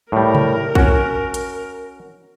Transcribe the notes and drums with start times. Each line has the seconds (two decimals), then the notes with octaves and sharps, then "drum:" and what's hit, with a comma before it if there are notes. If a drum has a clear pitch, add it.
0.12 A2 G3 A#4
0.35 drum: tom C3
0.75 C#4 F#4, drum: kick
1.34 drum: hi-hat